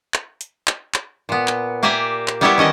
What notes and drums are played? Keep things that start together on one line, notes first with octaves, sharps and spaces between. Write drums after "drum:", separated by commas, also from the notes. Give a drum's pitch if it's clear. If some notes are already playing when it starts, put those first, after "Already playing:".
drum: clap
drum: hi-hat
drum: clap
drum: clap
A#2 B3
drum: clap
A#3 G4 D5 E5 G#5 A#5
drum: clap
G3 B3 E4 G4 C#5 E5
D#3 C#4 D#5 A5